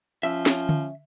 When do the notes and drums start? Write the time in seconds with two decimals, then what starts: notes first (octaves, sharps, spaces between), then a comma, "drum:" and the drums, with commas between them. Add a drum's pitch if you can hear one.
0.23 F3 C#4 E5
0.46 drum: snare
0.69 drum: tom D3